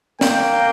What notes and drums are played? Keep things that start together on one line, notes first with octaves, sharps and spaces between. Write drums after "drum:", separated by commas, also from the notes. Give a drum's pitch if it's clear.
A#3 G5, drum: snare